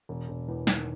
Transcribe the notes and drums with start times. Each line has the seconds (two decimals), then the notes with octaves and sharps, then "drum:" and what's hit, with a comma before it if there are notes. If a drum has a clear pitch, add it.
0.09 E1
0.29 E1
0.48 E2
0.67 D#3, drum: snare